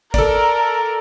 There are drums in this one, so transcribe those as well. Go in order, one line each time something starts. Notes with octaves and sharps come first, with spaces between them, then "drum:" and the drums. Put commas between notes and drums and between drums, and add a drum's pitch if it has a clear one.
A4 A#4 D5, drum: kick G#1